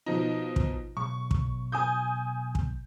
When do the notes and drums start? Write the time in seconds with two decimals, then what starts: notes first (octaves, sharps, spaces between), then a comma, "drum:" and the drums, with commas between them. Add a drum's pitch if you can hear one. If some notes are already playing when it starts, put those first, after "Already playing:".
0.06 B2 F3 D#4
0.56 drum: kick
0.97 B1 C#6
1.31 drum: kick
1.72 G#5 D#6 G6
2.55 drum: kick